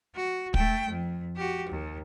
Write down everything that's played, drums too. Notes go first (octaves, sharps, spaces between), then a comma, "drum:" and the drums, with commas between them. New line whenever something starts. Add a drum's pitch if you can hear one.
F#4
A3 G5, drum: kick
F2
F#4 G4
D#2